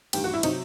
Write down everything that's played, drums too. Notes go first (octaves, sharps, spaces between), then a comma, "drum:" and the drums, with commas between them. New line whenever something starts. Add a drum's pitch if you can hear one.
A1 G2 D#3 G4, drum: cymbal
F#4
E4
C3 F#3 D#4, drum: cymbal